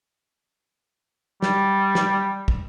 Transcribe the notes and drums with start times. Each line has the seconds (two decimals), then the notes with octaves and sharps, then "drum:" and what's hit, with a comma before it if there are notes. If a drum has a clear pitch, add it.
1.42 G3, drum: snare
1.95 drum: snare
2.48 drum: kick